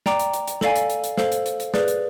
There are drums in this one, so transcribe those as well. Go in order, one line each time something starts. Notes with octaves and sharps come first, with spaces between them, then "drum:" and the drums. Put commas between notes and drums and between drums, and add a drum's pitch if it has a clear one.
D5 G5 A#5 D6, drum: snare
drum: hi-hat
drum: hi-hat
drum: hi-hat
A4 D5 F5 G#5, drum: snare
drum: hi-hat
drum: hi-hat
drum: hi-hat
A4 C5 F5, drum: snare
drum: hi-hat
drum: hi-hat
drum: hi-hat
G#4 B4 D5, drum: snare
drum: hi-hat